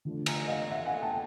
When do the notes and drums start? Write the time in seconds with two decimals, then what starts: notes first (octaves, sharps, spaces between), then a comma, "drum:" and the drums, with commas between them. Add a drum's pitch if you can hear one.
0.05 D3 F3 A3 D4
0.26 G#5 A#5, drum: cymbal
0.48 D#5 F5
0.70 E5 F#5
0.86 F#5 G#5
1.02 G5 A5